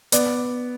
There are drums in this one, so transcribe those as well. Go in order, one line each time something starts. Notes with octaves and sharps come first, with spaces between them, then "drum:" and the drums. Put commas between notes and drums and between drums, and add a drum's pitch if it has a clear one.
B3 D5, drum: hi-hat